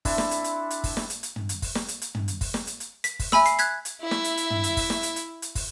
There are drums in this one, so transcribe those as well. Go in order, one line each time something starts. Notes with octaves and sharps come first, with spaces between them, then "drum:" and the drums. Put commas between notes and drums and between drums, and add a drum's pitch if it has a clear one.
C4 D4 E4 A4, drum: kick, open hi-hat
drum: snare
drum: hi-hat
drum: hi-hat
drum: hi-hat
drum: kick, open hi-hat
drum: snare
drum: hi-hat
drum: hi-hat
drum: tom
drum: hi-hat
drum: kick, open hi-hat
drum: snare
drum: hi-hat
drum: hi-hat
drum: tom
drum: hi-hat
drum: kick, open hi-hat
drum: snare
drum: hi-hat
drum: hi-hat
B6, drum: hi-hat
drum: kick, open hi-hat
E5 G#5 B5 E6, drum: snare
C7, drum: hi-hat
F#6 G#6 B6, drum: hi-hat
drum: hi-hat
E4 E5
drum: snare
drum: hi-hat
drum: hi-hat
drum: tom
drum: hi-hat
drum: kick, open hi-hat
drum: snare
drum: hi-hat
drum: hi-hat
drum: hi-hat
drum: kick, open hi-hat